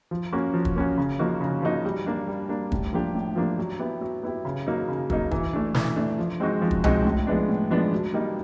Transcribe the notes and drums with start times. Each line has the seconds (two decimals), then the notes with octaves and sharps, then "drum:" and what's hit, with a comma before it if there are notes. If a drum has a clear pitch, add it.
0.11 F3
0.33 A#3 C#4 F#4
0.54 F3
0.65 drum: kick
0.76 A#3 C#4 F#4
0.98 C#3
1.19 F3 A#3 D#4 F#4
1.41 C#3
1.62 F3 A#3 D#4 F#4
1.84 G3
2.06 A#3 D4
2.27 G3
2.49 A#3 D4
2.72 A2, drum: kick
2.93 F3 A#3 D4 G4
3.15 A2
3.36 F3 A#3 D4 G4
3.59 F#3
3.80 B3 E4 G4
4.01 F#3
4.23 B3 E4 G4
4.45 C#3
4.67 F#3 A#3 D#4
4.88 C#3
5.10 F#3 A#3 D#4, drum: kick
5.31 E3, drum: kick
5.53 A3 D4
5.74 E3, drum: snare
5.96 A3 D4
6.19 F3
6.40 G#3 C4 D#4 F#4
6.62 F3
6.71 drum: kick
6.84 G#3 C4 D#4 F#4, drum: tom C2
7.05 A2
7.27 F3 G#3 B3 D4
7.48 A2
7.71 F3 G#3 B3 D4
7.92 B2
8.14 G3 A#3 D#4